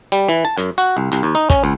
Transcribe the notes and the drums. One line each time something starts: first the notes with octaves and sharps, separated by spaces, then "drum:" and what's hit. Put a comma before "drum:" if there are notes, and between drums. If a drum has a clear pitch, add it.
G3
E3
A5
F#2, drum: hi-hat
F#4
C2
C2, drum: hi-hat
D#2
D#4
C#4, drum: kick, hi-hat
C#2